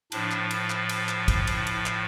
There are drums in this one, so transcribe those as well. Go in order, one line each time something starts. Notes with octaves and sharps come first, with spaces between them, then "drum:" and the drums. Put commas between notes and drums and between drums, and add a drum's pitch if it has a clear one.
A2 F3 D4, drum: cymbal
drum: clap
drum: cymbal
drum: clap
drum: cymbal
drum: clap
drum: kick, cymbal
drum: cymbal
drum: cymbal
drum: clap